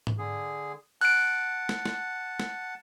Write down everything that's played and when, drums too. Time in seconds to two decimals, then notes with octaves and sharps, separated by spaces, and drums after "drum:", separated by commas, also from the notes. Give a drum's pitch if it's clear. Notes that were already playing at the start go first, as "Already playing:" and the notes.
0.07 drum: tom G#2
0.18 D3 G#4
1.01 F#5 A5 F#6 D7, drum: open hi-hat
1.69 drum: snare
1.86 drum: snare
2.40 drum: snare